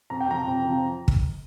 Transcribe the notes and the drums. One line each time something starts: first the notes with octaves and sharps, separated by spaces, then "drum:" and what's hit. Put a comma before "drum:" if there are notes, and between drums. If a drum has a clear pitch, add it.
F2 A#5
G5
C3 F3 A#5
F2
C3 F3
drum: kick